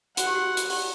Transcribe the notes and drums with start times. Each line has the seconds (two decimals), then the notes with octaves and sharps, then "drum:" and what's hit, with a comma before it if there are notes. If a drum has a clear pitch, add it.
0.17 F#4 F#5, drum: hi-hat
0.27 G4
0.35 F#4
0.57 drum: hi-hat
0.70 G4, drum: open hi-hat